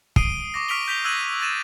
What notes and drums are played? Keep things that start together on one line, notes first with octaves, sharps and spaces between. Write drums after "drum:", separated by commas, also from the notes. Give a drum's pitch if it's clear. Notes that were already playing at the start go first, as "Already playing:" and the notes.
D#6 C7 D7 D#7 G7, drum: kick
C#6 D6 A#6
C#6 F6 B6 D7 F7 G7
G6 B6 F7 G7
E6 F#6 G#6 A#6 D#7 F#7
G#6 A6 D#7 E7